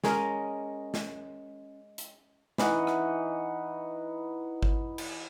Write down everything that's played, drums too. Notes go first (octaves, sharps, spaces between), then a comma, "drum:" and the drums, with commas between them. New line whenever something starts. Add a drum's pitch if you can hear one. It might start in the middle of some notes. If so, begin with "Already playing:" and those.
G#3 C#4 A#4 D#5, drum: snare
drum: snare
drum: hi-hat
E3 D#4 D#5 F#5, drum: snare
drum: rim click
drum: kick G#1
drum: cymbal